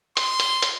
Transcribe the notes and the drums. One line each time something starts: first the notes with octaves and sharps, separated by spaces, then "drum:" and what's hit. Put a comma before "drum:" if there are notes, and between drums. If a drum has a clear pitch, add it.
C6, drum: hi-hat
drum: hi-hat
drum: hi-hat